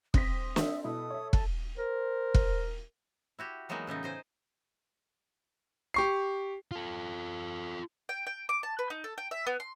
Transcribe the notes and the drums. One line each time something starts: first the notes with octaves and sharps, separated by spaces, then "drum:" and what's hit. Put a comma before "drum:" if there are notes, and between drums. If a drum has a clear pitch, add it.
C4 D#6 A#6 B6, drum: kick F1
E5, drum: snare
B2 E4 A4 D#6
C#5 E5
A5, drum: kick F1
A#4 C5
drum: kick F1
E4 F#4 G4
E3 F#3 G#3 A#3 B3 D#4
A2 C#3 E3 D#4
G#4 C5 D#5 G5
G4 C#6 C7
F4 A4
G5
G5
D6
A5
B4
D#4
A4
G5
E5
B3
C6